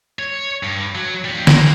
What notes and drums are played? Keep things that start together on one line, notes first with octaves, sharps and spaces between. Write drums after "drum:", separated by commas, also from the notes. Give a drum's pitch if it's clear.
C#5
G2
F#3
D#2 G3
A#3, drum: snare